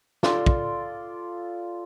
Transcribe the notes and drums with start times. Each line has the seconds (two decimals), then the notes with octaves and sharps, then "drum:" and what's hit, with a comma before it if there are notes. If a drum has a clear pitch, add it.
0.23 F4 A4 D5 C6, drum: snare
0.46 drum: kick